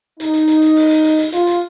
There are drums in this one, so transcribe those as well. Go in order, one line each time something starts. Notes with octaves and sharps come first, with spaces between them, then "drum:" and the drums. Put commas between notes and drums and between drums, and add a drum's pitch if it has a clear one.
D#4, drum: hi-hat
drum: hi-hat
drum: hi-hat
drum: hi-hat
drum: open hi-hat
drum: hi-hat
drum: hi-hat
drum: hi-hat
F4, drum: hi-hat
drum: hi-hat